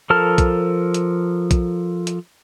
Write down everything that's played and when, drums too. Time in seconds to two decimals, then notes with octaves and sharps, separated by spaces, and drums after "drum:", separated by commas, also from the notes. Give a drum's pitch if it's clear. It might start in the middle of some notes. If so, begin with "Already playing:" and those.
0.10 F3 A4 A#4 A5 F6
0.38 drum: kick, hi-hat
0.94 drum: hi-hat
1.51 drum: kick, hi-hat
2.07 drum: hi-hat